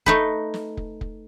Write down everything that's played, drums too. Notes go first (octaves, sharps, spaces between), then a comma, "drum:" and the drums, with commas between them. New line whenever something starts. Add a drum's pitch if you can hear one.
A3 D#4 B4, drum: kick
drum: snare
drum: kick
drum: kick